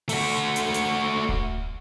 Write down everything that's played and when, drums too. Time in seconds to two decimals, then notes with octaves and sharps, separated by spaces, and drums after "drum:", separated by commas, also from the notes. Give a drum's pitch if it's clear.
0.09 A3 F#4, drum: open hi-hat
0.56 drum: hi-hat
0.74 drum: hi-hat
1.29 drum: kick D1